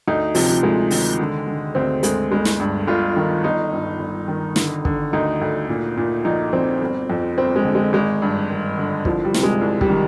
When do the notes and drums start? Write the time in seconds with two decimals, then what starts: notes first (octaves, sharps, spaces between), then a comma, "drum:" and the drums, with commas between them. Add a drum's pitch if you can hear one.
0.08 D2 D#4
0.35 C3 F3, drum: open hi-hat
0.48 F3
0.63 D2 G#3
0.91 D#3, drum: open hi-hat
1.19 D3
1.47 D3
1.75 D2 C4
2.03 D2 G#3, drum: hi-hat
2.32 G1 G#3
2.45 drum: snare
2.60 G2
2.88 G1 F4
3.16 D#3
3.44 G1 D#4
3.72 G2
4.00 G1
4.28 D#3
4.56 D3, drum: snare
4.85 D3, drum: kick
5.13 D2 D#4
5.41 D2
5.69 A#2
5.97 A#2
6.25 A#1 D#4
6.52 A#1 C4
6.82 G1
7.10 F2
7.38 G1 C4
7.56 G#3
7.65 D3
7.75 G#3
7.93 G#1 G#3
8.22 G2
8.50 G#1
8.78 D3
9.05 C2 F3, drum: kick
9.25 G3
9.34 C3, drum: snare
9.43 G#3
9.61 C2
9.81 G3, drum: kick
9.89 D#3